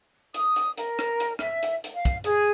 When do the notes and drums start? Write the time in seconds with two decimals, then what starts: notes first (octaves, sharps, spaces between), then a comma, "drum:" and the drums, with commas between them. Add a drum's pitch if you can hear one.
0.34 D#6, drum: hi-hat
0.56 drum: hi-hat
0.78 A#4, drum: hi-hat
0.99 drum: rim click
1.20 drum: hi-hat
1.39 E5, drum: rim click
1.63 drum: hi-hat
1.84 drum: hi-hat
1.95 F5
2.05 drum: kick, hi-hat
2.24 G#4, drum: hi-hat